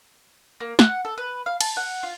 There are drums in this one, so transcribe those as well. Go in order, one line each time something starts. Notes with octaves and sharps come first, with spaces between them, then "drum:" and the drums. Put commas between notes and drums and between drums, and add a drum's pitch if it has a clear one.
A#3
F#5, drum: snare
A4
B4
F5
A5, drum: cymbal
F#5
F4